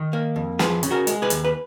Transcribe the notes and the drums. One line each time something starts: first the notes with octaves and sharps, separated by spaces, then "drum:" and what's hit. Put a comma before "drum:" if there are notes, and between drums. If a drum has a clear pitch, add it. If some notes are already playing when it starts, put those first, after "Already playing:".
Already playing: D#3
A#3
F2
F3 G#4 B4, drum: snare
C#3, drum: hi-hat
F#4 A#4
G#3, drum: hi-hat
G#4 B4
D#2, drum: hi-hat
B4